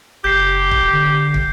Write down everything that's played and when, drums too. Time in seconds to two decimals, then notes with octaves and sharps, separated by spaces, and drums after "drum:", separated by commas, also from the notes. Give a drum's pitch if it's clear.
0.24 F#1 G4 G6 C7
0.71 drum: kick
0.93 D3
1.34 drum: kick